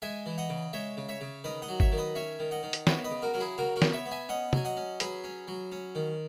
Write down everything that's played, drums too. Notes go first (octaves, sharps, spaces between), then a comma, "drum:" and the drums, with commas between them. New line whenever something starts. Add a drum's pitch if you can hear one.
G#3 E5 G#5
E3
D#5 F#5
C#3
G#3 C#5 E5
C#3
C#5 E5
C#3
D#3 B4 D#5
D#5 F#5
F#3
C#5 E5, drum: kick G1
D#3
B4 D#5
C#4 C#5 E5
D#3
D#5 F#5
D#3
drum: hi-hat
B3 C#5 E5, drum: snare
B4 D#5
C#3
F#4 A#4
F#3 A#4
E4 G#4
C#3 F#4 A#4
F#4 A#4
B3, drum: snare
C#5 E5
B3
E5 G#5
C#4 D#5 F#5
F#3 G#5, drum: tom
D#5 F#5
C#4
F#3 G#4 B4, drum: hi-hat
C#4
F#3
C#4
D#3